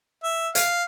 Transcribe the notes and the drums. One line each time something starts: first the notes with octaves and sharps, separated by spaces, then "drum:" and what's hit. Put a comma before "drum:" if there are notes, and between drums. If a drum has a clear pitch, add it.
E5
F5, drum: hi-hat